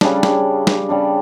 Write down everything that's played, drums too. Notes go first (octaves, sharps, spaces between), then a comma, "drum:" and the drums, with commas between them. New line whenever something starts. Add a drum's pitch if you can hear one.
C#3 G3 D4, drum: snare
drum: snare
drum: snare
C#3 G3 D4